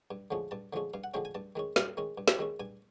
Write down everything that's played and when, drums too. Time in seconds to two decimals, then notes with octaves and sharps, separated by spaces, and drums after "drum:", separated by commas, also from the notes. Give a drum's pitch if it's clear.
0.11 G2
0.31 D3 F3 G#3 C#4
0.51 G2 A5
0.73 D3 F3 G#3 C#4
0.94 G2 F5
1.04 F#5
1.14 D3 F3 G#3 C#4 G5
1.25 G#5
1.35 G2 A5
1.56 D#3 G#3 C#4
1.76 G2 A5, drum: snare
1.97 D#3 G#3 C#4
2.18 G2
2.28 drum: snare
2.39 D#3 G#3 C#4
2.60 G2 G#5